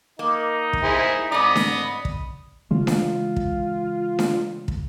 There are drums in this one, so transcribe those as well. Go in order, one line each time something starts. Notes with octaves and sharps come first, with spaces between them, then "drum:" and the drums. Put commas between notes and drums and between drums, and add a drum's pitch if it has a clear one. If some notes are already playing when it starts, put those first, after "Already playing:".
A#3 D#4
drum: kick
E4 G#4 C5
G#2 D5 D#5 B5 D#6
drum: snare D4
drum: kick
C#3 E3 G#3 F4
drum: snare D4
drum: kick
drum: snare D4
drum: kick